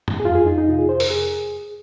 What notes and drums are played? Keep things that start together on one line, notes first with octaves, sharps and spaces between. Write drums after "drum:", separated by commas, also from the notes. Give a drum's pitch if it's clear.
drum: tom F#2
G#4
F2 F4
G#4
F2 D#4
D#4
C3 F4
G#4
F2 C5
A#4, drum: open hi-hat
G#4